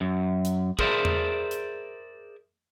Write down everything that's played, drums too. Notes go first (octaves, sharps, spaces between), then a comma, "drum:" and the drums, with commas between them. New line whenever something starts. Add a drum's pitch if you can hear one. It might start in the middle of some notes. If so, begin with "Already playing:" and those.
F#2
drum: hi-hat
G#4 A#4 C5 D5 E5, drum: kick
drum: tom E2
drum: hi-hat